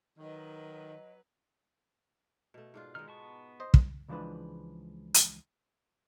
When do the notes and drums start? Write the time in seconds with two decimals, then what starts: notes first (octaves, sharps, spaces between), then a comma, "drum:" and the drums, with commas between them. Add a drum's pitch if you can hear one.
0.19 D#3 F#3 B4 D#5
2.54 B2 A3
2.74 G#2 D4 F4
2.95 D#3 G#3 D#4 F6
3.08 B3 A5 C#6
3.60 C5 D#5
3.74 drum: kick
4.08 C#2 E3 F3 G#3 D4 B4
5.14 drum: hi-hat